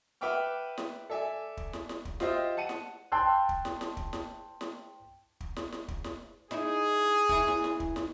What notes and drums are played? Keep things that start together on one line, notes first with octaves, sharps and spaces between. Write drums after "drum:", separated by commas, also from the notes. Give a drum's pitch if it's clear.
B4 E5 F#5 G5 D6 F6
drum: snare
A4 D5 E5 G#5
drum: kick
drum: snare
drum: snare
drum: kick
F4 G4 C5 D#5 E5, drum: snare
F#5 A5 C#7 D#7
drum: snare
G5 A5 C6 E6 F#6
drum: kick
drum: snare
drum: snare
drum: kick
drum: snare
drum: snare
drum: kick
drum: snare
drum: snare
drum: kick
drum: snare
D#4 E4 G#4, drum: snare
E3 C#4 E4, drum: kick
drum: snare
drum: snare
drum: kick
drum: snare